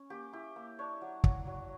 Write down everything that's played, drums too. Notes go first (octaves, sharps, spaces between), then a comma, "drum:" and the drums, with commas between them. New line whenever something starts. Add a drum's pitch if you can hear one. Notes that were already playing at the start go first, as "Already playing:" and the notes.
Already playing: C#4 C#5
A#3 G4
E4 G4
A#3
D4 C#5
F#3
F#3, drum: kick
F#3